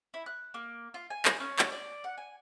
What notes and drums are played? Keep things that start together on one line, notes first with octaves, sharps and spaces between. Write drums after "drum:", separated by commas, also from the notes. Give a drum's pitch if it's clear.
E4
F#6
A#3
F4
G#5
drum: clap
C#4
C#5, drum: clap
D5
F#5
G#5